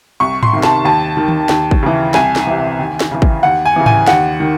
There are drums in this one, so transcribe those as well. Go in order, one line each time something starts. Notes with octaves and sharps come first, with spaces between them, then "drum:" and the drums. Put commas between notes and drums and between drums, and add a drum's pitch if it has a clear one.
C2 C#6
C6, drum: tom G#2
C3 D#3
A5, drum: snare
D#2 A5
D#3
drum: tom D#3
D#2, drum: snare
drum: kick
C#3 E3
C2 G#5, drum: snare
drum: snare
C3 E3
D#2
drum: snare
C#3 E3
drum: kick
D#2 F#5
G#5
C#3 E3
G#5, drum: tom G#2
D#2 F#5, drum: snare
D#3